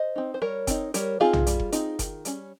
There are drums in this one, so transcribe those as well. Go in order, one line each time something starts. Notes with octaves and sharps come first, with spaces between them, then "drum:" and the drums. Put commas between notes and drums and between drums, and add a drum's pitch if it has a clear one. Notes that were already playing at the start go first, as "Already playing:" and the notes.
Already playing: C5 D#5
C4 D#4
C5
G3 A#4 C#5
C4 D#4, drum: kick F#1, hi-hat
G3 A#4 C#5, drum: hi-hat
C4 D#4 F4 G#4
drum: tom B1
G3, drum: hi-hat
drum: kick F#1
C4 D#4, drum: hi-hat
D#3, drum: kick F#1, hi-hat
G3 C#4, drum: hi-hat